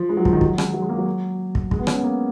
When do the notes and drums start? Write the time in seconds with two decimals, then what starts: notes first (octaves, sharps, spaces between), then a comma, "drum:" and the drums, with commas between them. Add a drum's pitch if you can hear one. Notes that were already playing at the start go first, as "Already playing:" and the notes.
Already playing: F3
0.09 G#3
0.17 F#3
0.25 F3, drum: kick
0.33 D#3
0.41 F#3, drum: kick
0.58 G#3, drum: rim click
0.74 F#3
0.82 G#3
0.89 A#3
0.98 F#3
1.55 drum: kick
1.71 G#3, drum: kick
1.79 B3
1.87 C#4, drum: rim click
1.96 B3
2.03 A#3